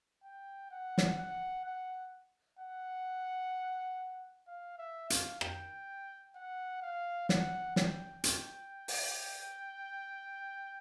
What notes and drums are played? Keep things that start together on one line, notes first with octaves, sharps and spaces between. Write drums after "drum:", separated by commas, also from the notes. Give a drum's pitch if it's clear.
G5
F#5
drum: snare
F#5
F#5
F#5
F5
E5
F5, drum: hi-hat
G5, drum: rim click
F#5
F5
F#5, drum: snare
G5, drum: snare
G5, drum: hi-hat
drum: open hi-hat